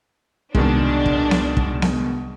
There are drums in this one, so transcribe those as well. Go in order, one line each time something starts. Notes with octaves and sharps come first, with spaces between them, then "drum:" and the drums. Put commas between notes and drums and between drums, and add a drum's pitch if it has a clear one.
C2 B2 D#3 G#3 D4, drum: kick
drum: kick
drum: snare B3
drum: kick
drum: snare B3